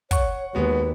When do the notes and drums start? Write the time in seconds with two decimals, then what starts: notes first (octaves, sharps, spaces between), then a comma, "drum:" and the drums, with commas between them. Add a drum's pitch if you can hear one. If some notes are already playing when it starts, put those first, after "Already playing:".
0.11 C#5 F#5 C#6, drum: kick, hi-hat
0.55 D#2 G#3 B3 F#4 B4